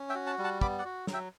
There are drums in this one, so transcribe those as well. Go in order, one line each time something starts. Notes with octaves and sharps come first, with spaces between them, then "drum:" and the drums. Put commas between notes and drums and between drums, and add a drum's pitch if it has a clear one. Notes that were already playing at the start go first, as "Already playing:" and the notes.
Already playing: C#4
E5 G5
F#4
F#5 A5
G3
F#5 A5
B3 B5 D6, drum: kick
D5 F#5
F#4
F#3, drum: snare
E5 G5